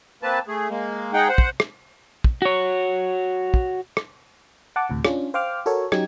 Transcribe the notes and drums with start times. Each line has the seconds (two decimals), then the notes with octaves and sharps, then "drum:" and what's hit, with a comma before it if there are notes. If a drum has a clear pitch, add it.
0.23 A#3 C4 B4 A5
0.48 A3 G#4
0.69 G#3 A#3
1.13 G#3 D#4 G#4 F#5 G5
1.29 C5 F#5
1.38 drum: kick
1.60 drum: rim click
2.24 drum: kick
2.42 F#4 C#5
3.54 drum: kick
3.97 drum: rim click
4.76 F#5 A5 D6
4.90 D2 A2 C3
5.05 C#4 D4 F4, drum: rim click
5.34 C5 F5 G5 D6 F6
5.66 F#4 A4 A#4 C#5
5.92 F#3 C#4 D#4 G4 G#6, drum: rim click